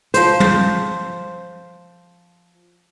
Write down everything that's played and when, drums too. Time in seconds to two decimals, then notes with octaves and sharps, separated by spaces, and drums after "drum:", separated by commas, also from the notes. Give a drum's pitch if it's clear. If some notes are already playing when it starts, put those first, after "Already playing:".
0.14 F3 C5, drum: hi-hat
0.40 drum: tom